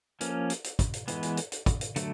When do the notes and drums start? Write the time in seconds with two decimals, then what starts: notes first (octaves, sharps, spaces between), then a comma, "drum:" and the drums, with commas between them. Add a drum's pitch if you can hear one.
0.21 F3 A#3 C#4, drum: hi-hat
0.50 drum: hi-hat
0.64 drum: hi-hat
0.79 drum: kick, hi-hat
0.93 drum: hi-hat
1.08 E3 G#3 B3, drum: hi-hat
1.23 drum: hi-hat
1.37 drum: hi-hat
1.52 drum: hi-hat
1.66 drum: kick, hi-hat
1.81 drum: hi-hat
1.96 D3 F#3 A3, drum: hi-hat